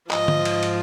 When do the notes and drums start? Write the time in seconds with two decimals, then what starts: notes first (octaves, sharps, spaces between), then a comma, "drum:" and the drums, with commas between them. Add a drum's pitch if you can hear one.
0.11 G#2 F3 D#5, drum: clap
0.28 drum: tom D3
0.45 drum: cymbal
0.63 drum: cymbal